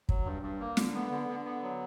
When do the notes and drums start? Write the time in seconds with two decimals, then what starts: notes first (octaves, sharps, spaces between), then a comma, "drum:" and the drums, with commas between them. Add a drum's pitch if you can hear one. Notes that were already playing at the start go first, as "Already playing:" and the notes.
0.09 F#3, drum: kick
0.25 G2
0.42 G2
0.60 A#3
0.77 D3, drum: snare
0.94 B3
1.11 D3
1.28 D3
1.45 B3
1.62 F#3